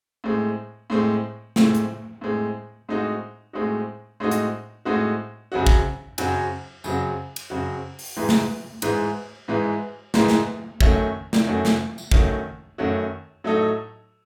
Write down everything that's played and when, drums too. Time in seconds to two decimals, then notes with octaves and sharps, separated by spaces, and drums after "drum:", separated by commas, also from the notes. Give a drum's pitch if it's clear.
0.24 A2 G#3 C4
0.90 A2 G#3 C4
1.56 A2 G#3 C4, drum: snare
1.74 drum: hi-hat
2.21 A2 G#3 C4
2.89 A2 G#3 C4 D#4 F#4
3.53 A2 G#3 C4 D#4 F#4
4.20 A2 G#3 C4 D#4 F#4
4.32 drum: hi-hat
4.85 A2 G#3 C4 D#4 F#4
5.52 F#2 C#3 F#3 C4 F#4
5.67 drum: kick
6.18 F#2 C#3 F#3 C4 F#4, drum: cymbal
6.84 F#2 C#3 F#3 C4 F#4, drum: tambourine
7.36 drum: cymbal
7.50 F#2 C#3 F#3 C4 F#4
7.99 drum: open hi-hat
8.16 G#2 E3 G#3
8.29 drum: snare
8.82 G#2 E3 G#3, drum: cymbal
9.48 G#2 E3 G#3
10.14 G#2 E3 G#3, drum: snare
10.28 drum: snare
10.81 F#2 D#3 A3 C#4 F#4, drum: kick
11.33 drum: snare
11.46 F#2 D#3 A3 C#4 F#4
11.65 drum: snare
11.98 drum: tambourine
12.12 F#2 D#3 A3 C#4 F#4, drum: kick
12.78 F#2 D#3 A3 C#4 F#4
13.44 A2 F#3 A3 D#4 A4